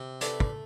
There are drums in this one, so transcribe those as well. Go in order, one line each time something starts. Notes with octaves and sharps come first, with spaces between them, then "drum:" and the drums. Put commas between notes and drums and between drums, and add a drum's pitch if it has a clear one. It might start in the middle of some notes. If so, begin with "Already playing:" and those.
Already playing: C3
A3 B4 D5, drum: hi-hat
drum: kick